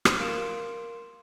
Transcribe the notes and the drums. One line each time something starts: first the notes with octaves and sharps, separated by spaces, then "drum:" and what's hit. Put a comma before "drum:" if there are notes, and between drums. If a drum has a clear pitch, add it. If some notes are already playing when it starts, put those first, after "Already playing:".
drum: rim click
A#4 F5 C6 D7 E7